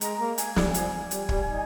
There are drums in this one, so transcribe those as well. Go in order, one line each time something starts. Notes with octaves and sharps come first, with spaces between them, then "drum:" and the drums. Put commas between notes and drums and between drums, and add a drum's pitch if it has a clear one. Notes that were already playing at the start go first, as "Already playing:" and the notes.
G#3 A#5, drum: hi-hat
A#3
G#5, drum: hi-hat
G3, drum: snare
F3 G#5, drum: hi-hat
G3, drum: hi-hat
G3, drum: kick
D#4